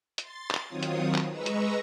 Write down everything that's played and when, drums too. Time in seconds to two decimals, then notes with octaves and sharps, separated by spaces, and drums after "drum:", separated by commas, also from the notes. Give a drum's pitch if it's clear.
0.18 C6 A6, drum: hi-hat
0.51 drum: clap
0.67 D#3 F#3 C4 F4 C#5 D#6
0.83 drum: hi-hat
1.14 drum: clap
1.30 G#3 B4 D#5 A#5 C#6 E6
1.46 drum: hi-hat